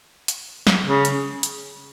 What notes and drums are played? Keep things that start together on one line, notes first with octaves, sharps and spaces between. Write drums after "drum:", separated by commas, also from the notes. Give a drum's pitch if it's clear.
drum: hi-hat
drum: snare
C#3
drum: hi-hat
drum: hi-hat